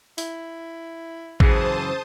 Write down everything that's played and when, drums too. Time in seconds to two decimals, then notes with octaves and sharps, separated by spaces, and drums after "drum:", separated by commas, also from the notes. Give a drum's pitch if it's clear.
0.18 E4, drum: open hi-hat
1.40 F#2 C#3 E3 G#4 C5 A5 D#6, drum: kick